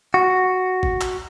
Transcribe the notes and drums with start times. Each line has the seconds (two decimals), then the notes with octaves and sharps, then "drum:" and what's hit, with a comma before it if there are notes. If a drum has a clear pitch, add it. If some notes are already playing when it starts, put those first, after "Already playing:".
0.14 F#4
0.83 drum: kick G1
1.01 drum: clap